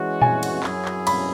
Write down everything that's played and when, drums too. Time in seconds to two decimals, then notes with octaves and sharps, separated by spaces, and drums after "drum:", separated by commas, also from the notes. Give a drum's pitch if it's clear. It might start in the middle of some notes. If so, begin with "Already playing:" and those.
Already playing: E3 G#3 C#4 F#4
0.21 G#5, drum: tom A#2
0.43 drum: cymbal
0.63 F#2 F#3 C#4 E4 G#4, drum: clap
0.85 drum: clap
1.07 B5, drum: cymbal